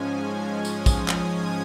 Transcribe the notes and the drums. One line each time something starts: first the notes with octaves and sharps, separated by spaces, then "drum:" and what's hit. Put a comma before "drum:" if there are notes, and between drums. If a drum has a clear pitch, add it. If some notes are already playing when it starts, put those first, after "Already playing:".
Already playing: G#2 F3 G#3 C#4 G#5
D#6, drum: tambourine
drum: kick, tambourine
drum: clap
G#6